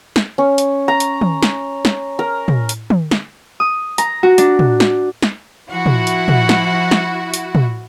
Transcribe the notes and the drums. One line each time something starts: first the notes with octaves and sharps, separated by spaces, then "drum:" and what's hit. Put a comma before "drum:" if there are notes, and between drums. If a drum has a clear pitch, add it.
drum: snare
C#4
drum: hi-hat
A#5
drum: hi-hat
drum: tom
drum: snare
drum: snare
A#4
drum: tom
drum: hi-hat
drum: tom
drum: snare
D#6
A#5, drum: hi-hat
F#4
D4, drum: hi-hat
drum: tom
drum: snare
drum: snare
F3 E4 F#4 F#5
drum: tom
drum: hi-hat
drum: tom
drum: snare
drum: snare
drum: hi-hat
drum: tom